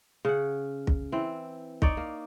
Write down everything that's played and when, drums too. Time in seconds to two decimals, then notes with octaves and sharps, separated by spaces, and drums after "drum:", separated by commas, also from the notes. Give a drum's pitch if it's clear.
0.25 C#3 F#5
0.87 drum: kick
1.12 E3 C4
1.82 D#4 C#5 D5, drum: kick
1.97 A#3